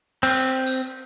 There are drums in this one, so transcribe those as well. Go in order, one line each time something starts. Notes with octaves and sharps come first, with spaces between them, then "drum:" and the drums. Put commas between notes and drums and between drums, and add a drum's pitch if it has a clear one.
C4, drum: cymbal
drum: tambourine